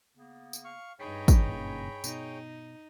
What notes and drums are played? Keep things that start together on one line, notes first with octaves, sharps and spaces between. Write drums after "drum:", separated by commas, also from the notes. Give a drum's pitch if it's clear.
C#3 A#3 B3
drum: tambourine
F5 C#6
G2 D#4 G#4 C#5 D#5 G5 A#5 B5
drum: kick, tambourine
F#1 A#2 C#3
B2 D#4, drum: tambourine